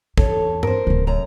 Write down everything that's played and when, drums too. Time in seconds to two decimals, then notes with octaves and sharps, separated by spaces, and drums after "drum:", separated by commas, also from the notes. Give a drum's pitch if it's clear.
0.17 E2 A4 C#5, drum: kick A1
0.63 A#4 C5, drum: tom G2
0.87 D1 C#3
1.07 F#2 A#5